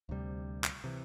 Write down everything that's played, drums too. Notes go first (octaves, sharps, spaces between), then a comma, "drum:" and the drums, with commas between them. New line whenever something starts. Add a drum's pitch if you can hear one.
D2 C3 G3
drum: clap
C3 E3